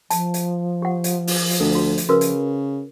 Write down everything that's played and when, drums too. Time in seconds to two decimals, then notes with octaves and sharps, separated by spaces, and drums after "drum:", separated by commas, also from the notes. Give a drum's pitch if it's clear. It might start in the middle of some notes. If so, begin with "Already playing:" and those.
0.10 F3 A5, drum: hi-hat
0.34 drum: hi-hat
0.82 G4 F#5
1.04 drum: hi-hat
1.27 drum: open hi-hat
1.51 drum: hi-hat
1.60 D2 A4
1.75 F#4
1.98 drum: hi-hat
2.09 C#3 F#4 A#4 B4
2.21 drum: hi-hat